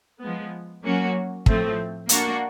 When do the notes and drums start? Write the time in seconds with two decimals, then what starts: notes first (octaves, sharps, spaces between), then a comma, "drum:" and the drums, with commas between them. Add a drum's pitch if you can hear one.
0.21 F3 G#3 B3
0.83 F#3 A#3 C#4 F#4
1.46 A2 F3 A3 C4, drum: kick
2.09 A#3 D4 F#4, drum: hi-hat